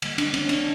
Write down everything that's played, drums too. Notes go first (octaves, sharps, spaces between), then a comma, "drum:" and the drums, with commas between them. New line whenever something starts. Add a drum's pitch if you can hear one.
D3 G3 A#3, drum: cymbal
D4, drum: cymbal
C#4, drum: cymbal
D4, drum: cymbal